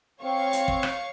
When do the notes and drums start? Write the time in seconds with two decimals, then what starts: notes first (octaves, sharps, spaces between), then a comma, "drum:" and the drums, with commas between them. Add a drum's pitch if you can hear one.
0.23 C4 C#5 F5 C#6
0.53 drum: hi-hat
0.68 drum: kick
0.83 drum: rim click